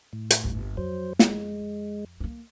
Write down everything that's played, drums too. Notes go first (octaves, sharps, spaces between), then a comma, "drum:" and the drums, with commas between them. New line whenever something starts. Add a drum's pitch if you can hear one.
A2
drum: hi-hat
G1 D#2
F2 F#3 C5
G#3, drum: snare
A3 A#3